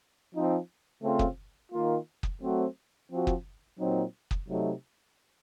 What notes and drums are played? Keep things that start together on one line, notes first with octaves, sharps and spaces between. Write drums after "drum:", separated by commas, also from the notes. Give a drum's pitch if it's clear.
F3 C4 D#4
C#3 A3 C4 F4
drum: kick
D#3 A#3 F4
drum: kick
F#3 A3 C4 F#4
F3 C4 F#4
drum: kick
A#2 F#3 C4 D#4
drum: kick
C3 F#3 A3 D#4